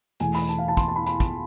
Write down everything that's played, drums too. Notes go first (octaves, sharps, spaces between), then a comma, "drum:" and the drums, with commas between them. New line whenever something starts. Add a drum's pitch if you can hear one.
E2 B2 A3 G#5, drum: hi-hat
B5, drum: open hi-hat
A5, drum: hi-hat
F5
A5
C6, drum: kick, hi-hat
A5
B5
B5, drum: hi-hat
drum: kick, hi-hat